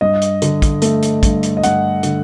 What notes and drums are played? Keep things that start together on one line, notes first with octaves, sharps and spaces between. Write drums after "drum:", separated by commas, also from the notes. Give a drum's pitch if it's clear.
G2 D#5
drum: hi-hat
D3, drum: hi-hat
drum: kick, hi-hat
A3, drum: hi-hat
drum: hi-hat
G2, drum: kick, hi-hat
drum: hi-hat
D#5
G2 F#5, drum: hi-hat
D3, drum: hi-hat